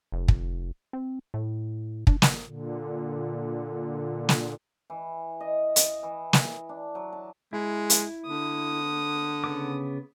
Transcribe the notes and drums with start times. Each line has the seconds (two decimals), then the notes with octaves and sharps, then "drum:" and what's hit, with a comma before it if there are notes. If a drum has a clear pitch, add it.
0.12 F1
0.28 drum: kick
0.93 C4
1.34 A2
2.07 D4, drum: kick
2.22 drum: snare
2.45 A#2 D3
4.29 drum: snare
4.90 E3
5.40 D#5
5.76 drum: hi-hat
6.03 E3
6.33 drum: snare
6.69 D4
6.95 F#3
7.13 A5
7.53 G#3 E4
7.90 drum: hi-hat
8.27 D3 D#6
9.44 C#3 B3 D6